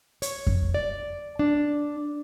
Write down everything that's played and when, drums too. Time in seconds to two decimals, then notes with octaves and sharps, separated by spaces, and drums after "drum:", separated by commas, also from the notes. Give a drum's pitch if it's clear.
0.22 C#5, drum: hi-hat
0.47 drum: kick F2
0.74 D5
1.39 D4